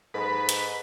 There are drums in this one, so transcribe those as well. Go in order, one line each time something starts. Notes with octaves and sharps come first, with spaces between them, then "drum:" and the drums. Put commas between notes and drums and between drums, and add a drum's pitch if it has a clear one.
G#2 A4 B4 B5
drum: hi-hat